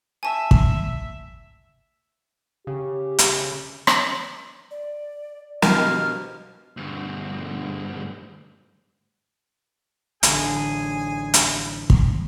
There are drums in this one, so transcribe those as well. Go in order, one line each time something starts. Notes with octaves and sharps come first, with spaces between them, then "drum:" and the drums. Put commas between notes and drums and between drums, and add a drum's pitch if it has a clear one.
E5 G#5 A5
drum: kick
C#3 G4
drum: hi-hat
drum: rim click
D5
G2 B2 F3 A#4 D#5 F6, drum: snare
D2 G2
A1 D3 G#4 G#5, drum: hi-hat
drum: hi-hat
drum: kick